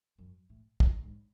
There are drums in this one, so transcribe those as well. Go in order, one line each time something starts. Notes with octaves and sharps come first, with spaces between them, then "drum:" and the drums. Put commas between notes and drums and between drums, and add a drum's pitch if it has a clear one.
F#2
A2
G#2, drum: kick
G#2